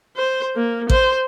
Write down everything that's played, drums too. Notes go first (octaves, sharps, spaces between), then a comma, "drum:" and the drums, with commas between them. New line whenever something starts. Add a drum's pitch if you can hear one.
C5
A#3
C5, drum: kick A1